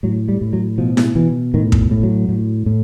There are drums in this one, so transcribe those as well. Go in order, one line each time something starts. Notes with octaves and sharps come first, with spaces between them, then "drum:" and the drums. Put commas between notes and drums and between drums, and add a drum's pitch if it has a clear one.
A2 F#3
G3
A2
F#3
B2 F3
drum: snare E4
B2 E3
A2 D#3
drum: kick
A2
F#3
A2
A2